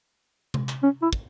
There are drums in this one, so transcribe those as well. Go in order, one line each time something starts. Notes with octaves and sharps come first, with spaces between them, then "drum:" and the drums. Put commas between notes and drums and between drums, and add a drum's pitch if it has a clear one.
drum: tom C3
drum: clap
C#4
E4
drum: kick